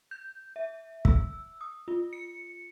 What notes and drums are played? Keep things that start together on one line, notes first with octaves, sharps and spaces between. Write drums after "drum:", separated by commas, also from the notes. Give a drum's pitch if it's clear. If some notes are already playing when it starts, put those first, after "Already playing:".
G6
E5
E6, drum: kick
D#6
F4
C#7